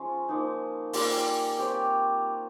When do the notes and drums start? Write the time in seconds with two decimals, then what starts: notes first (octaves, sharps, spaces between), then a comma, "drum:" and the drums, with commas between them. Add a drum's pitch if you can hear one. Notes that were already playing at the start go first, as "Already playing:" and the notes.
Already playing: F3 G#3 C#4 F4
0.28 F3 A#3 D#4
0.93 G3 A#3 F4 A#4, drum: open hi-hat
1.59 C4 G4 C#5 F5